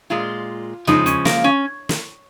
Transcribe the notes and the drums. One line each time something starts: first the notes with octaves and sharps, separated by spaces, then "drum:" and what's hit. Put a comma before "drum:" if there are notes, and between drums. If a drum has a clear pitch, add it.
A#2 G#3 F4
C#3 F3 G#3 D#4, drum: tom
C#4, drum: hi-hat
A#3, drum: snare
C#4
drum: snare